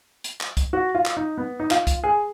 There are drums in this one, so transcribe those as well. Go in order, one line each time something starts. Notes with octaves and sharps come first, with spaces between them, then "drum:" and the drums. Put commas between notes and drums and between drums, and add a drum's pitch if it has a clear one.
drum: hi-hat
drum: clap
drum: kick, hi-hat
F#4
F4
drum: clap
D#4
B3
D#4
F4, drum: clap
drum: kick, hi-hat
G#4